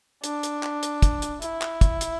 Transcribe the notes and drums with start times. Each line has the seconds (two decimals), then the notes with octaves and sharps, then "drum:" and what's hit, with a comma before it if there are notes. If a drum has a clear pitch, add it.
0.24 D4, drum: hi-hat
0.43 drum: hi-hat
0.63 drum: clap
0.83 drum: hi-hat
1.02 drum: kick, hi-hat
1.22 drum: hi-hat
1.42 E4, drum: hi-hat
1.62 drum: clap
1.81 drum: kick, hi-hat
2.01 drum: hi-hat